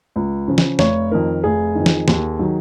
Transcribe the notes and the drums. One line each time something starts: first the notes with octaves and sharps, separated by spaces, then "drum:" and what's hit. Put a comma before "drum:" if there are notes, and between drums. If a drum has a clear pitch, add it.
C#2
C#3 F3
drum: snare
F1 C#5, drum: snare
F2 D#3 A#4
F1 G#4
F2 D#3
drum: snare
D#2, drum: snare
D#3 F#3